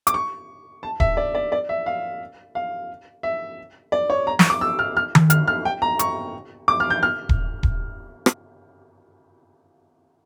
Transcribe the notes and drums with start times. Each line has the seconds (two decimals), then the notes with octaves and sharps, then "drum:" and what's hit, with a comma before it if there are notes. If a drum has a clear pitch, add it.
0.07 D6, drum: hi-hat
0.14 C#6
0.83 A5
1.00 E5, drum: kick D#1
1.17 D5
1.35 D5
1.52 D5
1.69 E5
1.86 F5
2.55 F5
3.23 E5
3.92 D5
4.10 C#5
4.27 A#5
4.39 C#6, drum: snare
4.50 D6
4.61 E6
4.79 F6
4.97 F6
5.15 drum: tom D#3
5.30 F6, drum: hi-hat
5.48 F6
5.65 G5
5.82 A#5
5.99 C#6, drum: hi-hat
6.68 D6
6.80 F6
6.90 G6
7.03 F6
7.29 drum: kick D#1
7.63 drum: kick D#1
8.26 drum: rim click